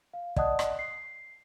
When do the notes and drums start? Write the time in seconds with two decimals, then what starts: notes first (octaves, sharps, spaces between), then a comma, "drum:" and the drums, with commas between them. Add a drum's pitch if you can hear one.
0.14 F5
0.36 D5 D#5 F#5 A5 D#6 F#6, drum: kick
0.59 drum: rim click
0.79 C7